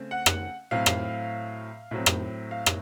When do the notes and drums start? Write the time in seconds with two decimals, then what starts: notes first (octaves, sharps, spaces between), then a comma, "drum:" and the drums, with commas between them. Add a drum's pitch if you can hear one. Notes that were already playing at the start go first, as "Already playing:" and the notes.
Already playing: C#3 A3 C4
0.11 F#5
0.26 drum: rim click
0.71 A2 F#3 C4 F5
0.86 drum: rim click
1.91 A2 F#3 C4
2.06 drum: rim click
2.51 F5
2.66 drum: rim click